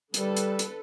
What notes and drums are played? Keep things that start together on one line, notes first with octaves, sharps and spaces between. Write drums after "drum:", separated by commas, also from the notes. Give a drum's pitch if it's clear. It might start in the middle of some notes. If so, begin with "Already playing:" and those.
D3 G3 A4 B4, drum: hi-hat
drum: hi-hat
drum: hi-hat